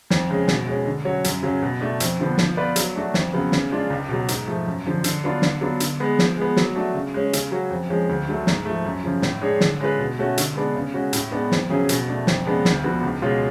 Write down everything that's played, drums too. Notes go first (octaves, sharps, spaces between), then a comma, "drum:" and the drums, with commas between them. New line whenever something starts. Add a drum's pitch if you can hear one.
F2, drum: snare
C#3 G#3 C#4
B2, drum: snare
G#3 C#4
D3
F#3 C#4 F#4 C#5
F#2, drum: hi-hat
C#3 F#3 C#4
B2
A3 D4
F2, drum: hi-hat
D3 F3 B3
F3, drum: snare
B3 F4 B4 D5
F#3, drum: hi-hat
A3 D4 F#4
F2, drum: snare
C#3 F#3 B3
C#3, drum: snare
G#3 D4 F4
C#2
B2 F#3
G#2, drum: hi-hat
F3 A3
F#2
D3 F3
D3, drum: hi-hat
F#3 B3 D4 F4
D3, drum: snare
F#3 B3 D4 F4
D3, drum: hi-hat
G#3 B3
F3, drum: snare
G#3 B3
F#3, drum: snare
A3 D4 F#4
C#3
G#3 C#4
C#3, drum: hi-hat
F#3 C#4 F#4
F2
F3 G#3 C#4
D2
D3 F#3 A3
G#2, drum: snare
F3 A3
F#2
C#3 F3
A2, drum: snare
G#3 D4 G#4 C#5
D3, drum: snare
G#3 C#4 F4 B4
B2
A3 C#4 F#4
D3, drum: hi-hat
G#3 B3 D4
C#3
G#3 C#4 F#4
A2, drum: hi-hat
G#3 B3 D4
F2, drum: snare
C#3 F#3 C#4 G#4
B2, drum: hi-hat
A3 D4
F2, drum: snare
C#3 G#3 B3 D4
D2, drum: snare
D3 F3 B3 F#4
C#2
B2 G#3 C#4 F4